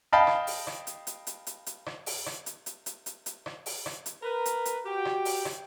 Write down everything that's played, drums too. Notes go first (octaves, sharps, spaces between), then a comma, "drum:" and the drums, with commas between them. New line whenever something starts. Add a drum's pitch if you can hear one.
D#5 F5 G5 A5 B5
drum: rim click
drum: open hi-hat
drum: rim click
drum: hi-hat
drum: hi-hat
drum: hi-hat
drum: hi-hat
drum: hi-hat
drum: rim click
drum: open hi-hat
drum: rim click
drum: hi-hat
drum: hi-hat
drum: hi-hat
drum: hi-hat
drum: hi-hat
drum: rim click
drum: open hi-hat
drum: rim click
drum: hi-hat
A#4 B4
drum: hi-hat
drum: hi-hat
F#4 G4 G5
drum: rim click
drum: open hi-hat
drum: rim click